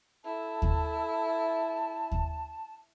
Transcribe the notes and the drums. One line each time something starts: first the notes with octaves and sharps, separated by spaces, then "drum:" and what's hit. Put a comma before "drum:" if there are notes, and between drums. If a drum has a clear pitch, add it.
E4 A4 A5
drum: kick D#2
drum: kick D#2